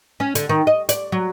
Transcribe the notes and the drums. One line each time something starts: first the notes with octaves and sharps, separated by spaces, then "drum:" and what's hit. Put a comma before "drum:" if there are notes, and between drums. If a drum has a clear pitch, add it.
C#4
D3, drum: hi-hat
D#3
D#5
D5, drum: hi-hat
F#3